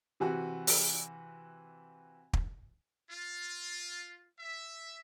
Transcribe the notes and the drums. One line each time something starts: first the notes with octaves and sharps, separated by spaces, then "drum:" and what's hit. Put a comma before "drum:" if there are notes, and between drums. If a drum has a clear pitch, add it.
C3 E3 F#4
drum: open hi-hat
drum: kick
F4
E5